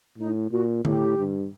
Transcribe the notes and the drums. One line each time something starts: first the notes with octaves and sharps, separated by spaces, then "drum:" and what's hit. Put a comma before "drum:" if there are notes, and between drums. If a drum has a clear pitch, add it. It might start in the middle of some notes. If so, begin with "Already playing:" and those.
A2 D#4
A#2 F#4
A2 G4, drum: tom D3
G2